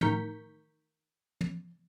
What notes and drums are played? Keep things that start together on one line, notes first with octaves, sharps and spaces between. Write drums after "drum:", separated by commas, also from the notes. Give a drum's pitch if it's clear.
A2 D#3 A#4 C#6 G6 B6, drum: tom
drum: tom